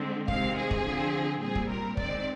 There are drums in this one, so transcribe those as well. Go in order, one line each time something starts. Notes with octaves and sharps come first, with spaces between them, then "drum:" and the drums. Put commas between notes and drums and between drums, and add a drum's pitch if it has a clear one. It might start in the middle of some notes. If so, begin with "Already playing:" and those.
Already playing: D3 G#3 C4
C3 D#3 G#3 C4 F5, drum: kick
G#4
drum: kick
D3 F3 C4
A#2 G3 C4 G#4
drum: kick
A#4
D#3 G#3 C4 D5, drum: kick